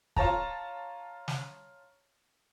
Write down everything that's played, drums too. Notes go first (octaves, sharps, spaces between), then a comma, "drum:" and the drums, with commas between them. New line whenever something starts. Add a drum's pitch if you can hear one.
F4 C#5 A5 A#5, drum: kick
drum: snare